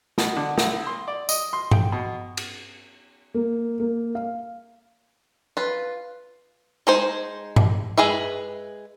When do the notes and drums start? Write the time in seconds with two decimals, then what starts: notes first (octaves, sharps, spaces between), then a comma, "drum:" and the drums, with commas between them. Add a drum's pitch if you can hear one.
0.18 B2, drum: snare
0.37 D3
0.58 B1, drum: snare
0.86 C6
1.08 D5
1.29 D#5, drum: tambourine
1.53 C6
1.71 G5, drum: tom G2
1.92 B2
2.37 drum: cymbal
3.34 A#3
3.80 A#3
4.15 F5
5.57 F4 B4
6.87 G#3 D#4 C5
7.56 drum: tom G2
7.98 G#3 G#4 B4 E5